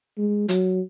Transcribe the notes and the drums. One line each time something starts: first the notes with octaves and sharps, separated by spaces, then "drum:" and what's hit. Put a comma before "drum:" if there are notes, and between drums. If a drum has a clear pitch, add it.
G#3
F#3, drum: hi-hat